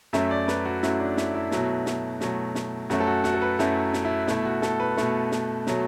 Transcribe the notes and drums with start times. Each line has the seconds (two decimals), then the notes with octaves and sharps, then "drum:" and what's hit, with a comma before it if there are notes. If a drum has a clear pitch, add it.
0.13 F#2 F#3 A3 E5, drum: snare
0.31 D5
0.48 B4, drum: snare
0.65 F#4
0.83 F#2 F#3 A3 E4, drum: snare
1.00 D4
1.17 E4, drum: snare
1.34 E4
1.51 B2 F#3 A3, drum: snare
1.86 drum: snare
2.21 B2 F#3 A3, drum: snare
2.55 drum: snare
2.90 F#2 F#3 A3 F#4, drum: snare
3.00 A4
3.07 F#4
3.24 F#4, drum: snare
3.34 A4
3.42 B4
3.59 F#2 F#3 A3 E4, drum: snare
3.93 drum: snare
4.05 E4
4.28 B2 A3 E4, drum: snare
4.45 F#4
4.62 A4, drum: snare
4.80 B4
4.97 B2 A3, drum: snare
5.32 drum: snare
5.67 B2 F#3 A3, drum: snare